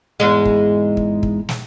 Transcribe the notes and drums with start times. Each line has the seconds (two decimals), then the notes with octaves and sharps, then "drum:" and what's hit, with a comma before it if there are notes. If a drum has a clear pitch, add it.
0.20 E2 G#2 G#3
0.45 drum: kick
0.97 drum: kick
1.23 drum: kick
1.49 drum: snare